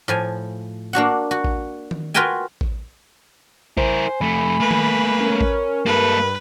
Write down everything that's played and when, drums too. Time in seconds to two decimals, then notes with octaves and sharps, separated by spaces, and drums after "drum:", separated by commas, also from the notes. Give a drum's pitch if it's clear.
0.08 A2 F3 G#5
0.93 A#3 D4 F#4 F#5
1.31 F#4
1.44 drum: kick A1
1.91 drum: tom D#3
2.14 F4 F#4 A#4 B4 G5 G#5
2.61 drum: kick A1
3.77 E4 A#4 C5 G#5, drum: kick A1
4.21 F2 A3 B5
4.60 A3 A#3 B4
4.71 drum: tom D#3
5.21 C#4 A#4
5.41 drum: kick A1
5.86 G2 A#3 A4 B4